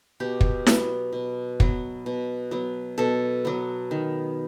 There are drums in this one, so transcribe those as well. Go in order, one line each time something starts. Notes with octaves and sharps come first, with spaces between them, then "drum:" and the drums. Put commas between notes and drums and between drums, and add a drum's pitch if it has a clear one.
B2 G4
drum: kick
F#3 B3, drum: snare E4
B2
F#3 B3, drum: kick
B2
F#3 B3
B2 A4
F#3 B3
D#3